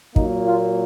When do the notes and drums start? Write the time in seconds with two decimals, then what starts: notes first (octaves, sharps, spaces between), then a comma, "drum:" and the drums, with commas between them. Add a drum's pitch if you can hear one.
0.16 A#2 F#3 A#3 D#4, drum: kick
0.45 F4